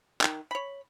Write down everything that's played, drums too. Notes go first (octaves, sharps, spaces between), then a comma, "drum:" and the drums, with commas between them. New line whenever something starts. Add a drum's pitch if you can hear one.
D#3, drum: clap
C#5 B5